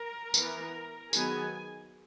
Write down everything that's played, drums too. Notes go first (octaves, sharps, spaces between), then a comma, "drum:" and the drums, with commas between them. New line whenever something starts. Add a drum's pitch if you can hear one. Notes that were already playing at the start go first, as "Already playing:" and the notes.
Already playing: A#4 A#5
E3 B3, drum: tambourine
D#3 F#3 B3 G#4 G#5, drum: tambourine